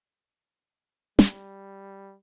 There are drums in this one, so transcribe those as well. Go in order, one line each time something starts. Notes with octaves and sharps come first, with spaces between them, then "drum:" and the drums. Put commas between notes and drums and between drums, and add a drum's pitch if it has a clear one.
G3, drum: snare